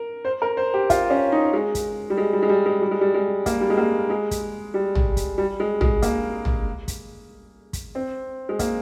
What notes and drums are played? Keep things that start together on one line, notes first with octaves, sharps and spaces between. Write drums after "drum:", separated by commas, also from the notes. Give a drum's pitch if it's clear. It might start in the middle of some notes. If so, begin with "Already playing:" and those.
Already playing: A#4
C5
A#4
C5
G4
F4, drum: kick, hi-hat
C#4
D#4
G#3
drum: kick, hi-hat
G3
G#3
G3
G#3
G3
G#3
G3
G#3
G3
G#3
A#3, drum: kick, hi-hat
G3
G#3
A#3
G#3
drum: kick, hi-hat
G3
drum: tom A1
drum: kick, hi-hat
G3
G#3
G#3, drum: tom A1
A#3, drum: kick, hi-hat
drum: tom A1
drum: kick, hi-hat
drum: kick, hi-hat
C4
G#3
A#3, drum: kick, hi-hat